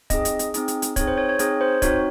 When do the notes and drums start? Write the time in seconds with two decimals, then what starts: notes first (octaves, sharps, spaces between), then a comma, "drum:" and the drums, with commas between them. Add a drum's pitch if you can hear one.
0.10 C4 D#4 G#4 D#5, drum: kick, hi-hat
0.25 drum: hi-hat
0.39 drum: hi-hat
0.54 C4 D#4 G#4, drum: hi-hat
0.68 drum: hi-hat
0.82 drum: hi-hat
0.96 C4 D#4 G#4 C#5, drum: kick, hi-hat
1.07 C5
1.18 C#5
1.29 C#5
1.39 C4 D#4 G#4 C#5, drum: hi-hat
1.61 C5
1.82 C4 D#4 F#4 C#5, drum: kick, hi-hat